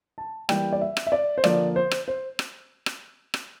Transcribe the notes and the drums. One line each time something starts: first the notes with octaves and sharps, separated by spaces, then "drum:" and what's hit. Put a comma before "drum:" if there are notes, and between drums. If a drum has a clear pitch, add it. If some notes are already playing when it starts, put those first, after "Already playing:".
A5
E3 G3 A#3 G5, drum: rim click
D5
E5
drum: rim click
E5
D5
C5
D3 F3 A#3 D5, drum: rim click
C5
drum: rim click
C5
drum: rim click
drum: rim click
drum: rim click